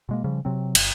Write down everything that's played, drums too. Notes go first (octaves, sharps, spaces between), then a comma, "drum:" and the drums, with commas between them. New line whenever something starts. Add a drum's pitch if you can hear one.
B2 G#3 A#3
C#3 F3 G3
C3 F#3 C4
G1, drum: cymbal